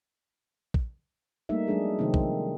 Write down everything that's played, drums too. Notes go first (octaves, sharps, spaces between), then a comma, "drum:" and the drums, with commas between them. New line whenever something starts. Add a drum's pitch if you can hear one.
drum: kick
G3 A3 A#3 D#4 E5
F#3 G#3 D4 G#4
C3 D#3 F3 A3 C4
drum: kick